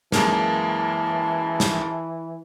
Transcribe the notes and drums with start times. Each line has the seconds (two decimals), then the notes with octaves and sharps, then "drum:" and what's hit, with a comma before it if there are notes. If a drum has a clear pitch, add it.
0.12 F#2 E3 G#3 A#3 A5, drum: snare
1.60 drum: snare